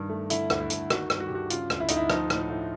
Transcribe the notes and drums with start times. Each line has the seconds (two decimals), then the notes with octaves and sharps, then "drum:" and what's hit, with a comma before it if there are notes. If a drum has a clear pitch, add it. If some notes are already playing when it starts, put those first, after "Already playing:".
Already playing: G2 D#3
0.09 A3
0.30 D3 E4, drum: hi-hat
0.50 D2, drum: rim click
0.60 E4
0.70 D2, drum: hi-hat
0.90 D#3 F#4, drum: rim click
1.10 G2, drum: rim click
1.20 F#4
1.27 G4
1.30 G2
1.35 F#4
1.50 C#3 F4, drum: hi-hat
1.70 D2, drum: rim click
1.80 E4
1.88 D2 D#4, drum: hi-hat
1.97 E4
2.10 F3 D#4, drum: rim click
2.30 A2, drum: rim click
2.50 A2